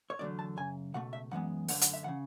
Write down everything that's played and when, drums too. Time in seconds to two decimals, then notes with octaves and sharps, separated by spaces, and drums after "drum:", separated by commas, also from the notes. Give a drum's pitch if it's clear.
0.10 C#5
0.19 E2 D3 F#3 A3 D5
0.39 A5
0.57 F#2 C#3 G#5
0.94 C#2 B2 A3 F#5
1.13 E5
1.31 F#2 E3 G#3 B3 F#5
1.68 F#2 D3 A3 F#5, drum: open hi-hat
1.81 F#5, drum: hi-hat
1.93 E5
2.04 C#3 E3 F#5